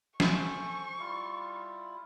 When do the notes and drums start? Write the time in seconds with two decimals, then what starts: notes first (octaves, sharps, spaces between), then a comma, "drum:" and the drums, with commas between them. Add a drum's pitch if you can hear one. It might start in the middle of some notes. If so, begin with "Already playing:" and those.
0.20 A4 C5 G#5 C#6, drum: snare
0.99 G3 E4 F4